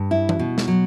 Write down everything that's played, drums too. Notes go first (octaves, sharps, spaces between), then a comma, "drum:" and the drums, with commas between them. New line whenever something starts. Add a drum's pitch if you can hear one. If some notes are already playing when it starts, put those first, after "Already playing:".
Already playing: G2
E4
drum: tom E3
B2
drum: snare
F#3